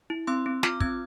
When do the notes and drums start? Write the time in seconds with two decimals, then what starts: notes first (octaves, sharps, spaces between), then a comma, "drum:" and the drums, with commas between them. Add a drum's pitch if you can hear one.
0.10 E4
0.27 C4 C6 E6
0.46 C4
0.63 F4 D6 F6, drum: snare
0.80 C4 E6 G#6, drum: kick